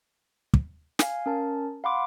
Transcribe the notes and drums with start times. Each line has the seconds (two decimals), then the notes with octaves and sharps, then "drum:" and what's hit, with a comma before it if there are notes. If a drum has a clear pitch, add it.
0.54 drum: kick
0.99 F5 G#5, drum: snare
1.26 C#4 A#4 A5
1.84 F5 F#5 B5 C6 D6